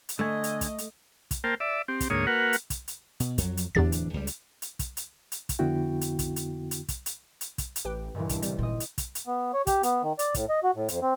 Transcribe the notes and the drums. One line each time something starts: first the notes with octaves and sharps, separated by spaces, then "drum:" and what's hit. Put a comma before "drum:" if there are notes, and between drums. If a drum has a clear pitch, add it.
drum: hi-hat
D3 A3 D#5 G#5
drum: hi-hat
drum: kick, hi-hat
drum: hi-hat
drum: kick, hi-hat
A#3 A#4 C5 G5 A5
D5 E5
C4 G4
drum: kick, hi-hat
D2 G#2 A#3 C#5 D#6
A#3 F#4 A#4 B4 F#5
drum: hi-hat
drum: kick, hi-hat
drum: hi-hat
B2, drum: hi-hat
F2 F#3, drum: kick, hi-hat
drum: hi-hat
D1 E2 E3 D4 G4 A6
drum: hi-hat
C#2 G3
drum: hi-hat
drum: hi-hat
drum: kick, hi-hat
drum: hi-hat
drum: hi-hat
drum: kick, hi-hat
F2 D3 B3 E4 F#4 G5
drum: hi-hat
drum: kick, hi-hat
drum: hi-hat
drum: hi-hat
drum: kick, hi-hat
drum: hi-hat
drum: hi-hat
drum: kick, hi-hat
drum: hi-hat
A1 G4 B4 G5
C#2 G2 A#2 E3
D4, drum: kick, hi-hat
C3 G3, drum: hi-hat
G#1 A#2 C4 D#5
drum: hi-hat
drum: kick, hi-hat
drum: hi-hat
B3
C#5
G4, drum: kick, hi-hat
B3, drum: hi-hat
D#3
D5, drum: hi-hat
A2, drum: kick, hi-hat
D#5
F#4
A2
F2, drum: hi-hat
C4